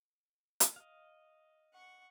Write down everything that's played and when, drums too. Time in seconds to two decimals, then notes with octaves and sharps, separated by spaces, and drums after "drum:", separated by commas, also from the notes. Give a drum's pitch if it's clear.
0.60 drum: hi-hat
0.76 D#5 F5
1.73 F#5 C#6